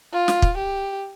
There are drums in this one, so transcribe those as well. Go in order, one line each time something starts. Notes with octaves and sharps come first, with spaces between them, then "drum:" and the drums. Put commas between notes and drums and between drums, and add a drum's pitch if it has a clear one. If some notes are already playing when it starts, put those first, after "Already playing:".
F4
drum: snare
drum: kick
G4